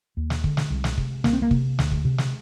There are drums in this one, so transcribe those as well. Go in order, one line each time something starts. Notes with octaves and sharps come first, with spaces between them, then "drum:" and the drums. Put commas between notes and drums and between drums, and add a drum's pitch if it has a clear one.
D#2
drum: snare
D3, drum: kick
drum: snare
C2
drum: snare
C3, drum: kick
C2 A#3, drum: snare
C4
A#3
C3, drum: kick
D2, drum: snare
drum: kick
C3
drum: snare